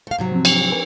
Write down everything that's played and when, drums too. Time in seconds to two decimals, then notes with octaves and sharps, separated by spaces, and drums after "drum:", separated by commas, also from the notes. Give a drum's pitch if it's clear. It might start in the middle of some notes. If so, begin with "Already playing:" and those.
0.07 A3 F5
0.18 G#2 C3 F#3
0.32 F3 C4
0.45 C7, drum: cymbal
0.70 A#4 B4 G#5